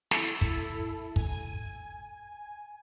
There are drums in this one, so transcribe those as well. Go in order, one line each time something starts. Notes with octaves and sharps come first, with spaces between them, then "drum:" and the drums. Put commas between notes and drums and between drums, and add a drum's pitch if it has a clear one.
E4 A4, drum: snare
drum: kick
G#5, drum: kick